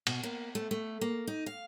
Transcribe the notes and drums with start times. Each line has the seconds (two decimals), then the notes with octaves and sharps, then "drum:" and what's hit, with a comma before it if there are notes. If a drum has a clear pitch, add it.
0.07 B2, drum: cymbal
0.23 A#3
0.55 A3
0.71 A3
1.01 A#3
1.27 D#4
1.46 F5